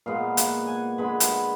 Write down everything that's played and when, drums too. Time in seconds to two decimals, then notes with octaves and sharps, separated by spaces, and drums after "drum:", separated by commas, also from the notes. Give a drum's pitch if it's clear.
0.06 A#2 G#3 B3 F5
0.37 F#5, drum: hi-hat
0.67 G#5
0.98 D3 G#3 B3 B5
1.20 B5, drum: hi-hat